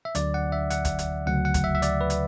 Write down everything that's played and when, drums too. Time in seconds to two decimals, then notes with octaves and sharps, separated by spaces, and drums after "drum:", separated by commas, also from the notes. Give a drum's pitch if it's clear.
0.05 E5
0.15 D2 D3 F#3 D5, drum: hi-hat
0.34 F#5
0.52 E5
0.70 F#5, drum: hi-hat
0.85 drum: kick, hi-hat
0.99 drum: hi-hat
1.26 D2 C#3 F#3 F#5
1.45 F#5
1.54 drum: kick, hi-hat
1.64 E5
1.75 E5
1.82 D5, drum: hi-hat
2.01 B4
2.10 drum: hi-hat